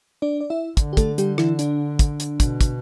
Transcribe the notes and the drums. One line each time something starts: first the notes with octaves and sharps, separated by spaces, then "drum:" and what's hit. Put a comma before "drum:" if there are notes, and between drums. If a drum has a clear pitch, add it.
D4 D5
D5
E4 E5
D3, drum: kick, hi-hat
G4
A3 A4, drum: kick, hi-hat
G3 G4, drum: hi-hat
E3 E4, drum: rim click
D4, drum: hi-hat
drum: kick, hi-hat
drum: hi-hat
B2, drum: kick, hi-hat
drum: kick, hi-hat